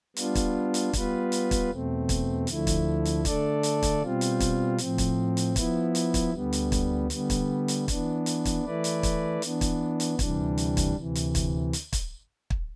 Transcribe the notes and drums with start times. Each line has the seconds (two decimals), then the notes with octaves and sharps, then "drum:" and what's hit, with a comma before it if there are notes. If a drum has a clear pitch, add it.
0.16 G3 B3 D4 F4, drum: hi-hat
0.35 drum: kick, hi-hat
0.74 drum: hi-hat
0.93 G3 B3 F4 B4, drum: kick, hi-hat
1.32 drum: hi-hat
1.51 drum: kick, hi-hat
1.70 E2 B2 A3 C4
2.09 drum: kick, hi-hat
2.47 D2 D3 F3 A3 E4, drum: hi-hat
2.67 drum: kick, hi-hat
3.05 drum: hi-hat
3.25 D3 A3 D4 A4 D5, drum: kick, hi-hat
3.63 drum: hi-hat
3.83 drum: kick, hi-hat
4.02 B2 G3 C4 F4
4.21 drum: hi-hat
4.40 drum: kick, hi-hat
4.78 A2 F3 C4, drum: hi-hat
4.98 drum: kick, hi-hat
5.37 drum: hi-hat
5.56 F3 B3 E4, drum: kick, hi-hat
5.95 drum: hi-hat
6.14 drum: kick, hi-hat
6.33 D2 D3 G3 B3
6.53 drum: hi-hat
6.72 drum: kick, hi-hat
7.10 D3 G3 B3, drum: hi-hat
7.30 drum: kick, hi-hat
7.68 drum: hi-hat
7.88 E3 B3 D4, drum: kick, hi-hat
8.26 drum: hi-hat
8.45 drum: kick, hi-hat
8.65 E3 A3 E4 B4 D5
8.84 drum: hi-hat
9.03 drum: kick, hi-hat
9.42 E3 B3 D4, drum: hi-hat
9.61 drum: kick, hi-hat
10.00 drum: hi-hat
10.19 D2 C3 E3 G3 D4, drum: kick, hi-hat
10.58 drum: hi-hat
10.77 drum: kick, hi-hat
10.96 D2 C3 E3
11.15 drum: hi-hat
11.35 drum: kick, hi-hat
11.73 drum: hi-hat
11.93 drum: kick, hi-hat
12.50 drum: kick